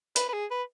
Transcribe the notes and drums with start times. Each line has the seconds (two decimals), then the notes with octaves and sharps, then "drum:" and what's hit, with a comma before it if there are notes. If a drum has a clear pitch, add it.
0.16 B4, drum: hi-hat
0.29 B4
0.33 G#4
0.51 B4